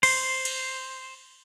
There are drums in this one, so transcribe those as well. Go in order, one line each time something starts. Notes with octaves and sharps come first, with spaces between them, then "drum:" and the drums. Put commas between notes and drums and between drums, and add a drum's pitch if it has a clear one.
C5, drum: cymbal
drum: cymbal